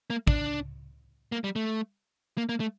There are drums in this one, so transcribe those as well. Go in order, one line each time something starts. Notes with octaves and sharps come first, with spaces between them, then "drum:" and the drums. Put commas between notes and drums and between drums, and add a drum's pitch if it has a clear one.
A#3
D4, drum: kick
A#3
G3
A3
A#3
A#3
A3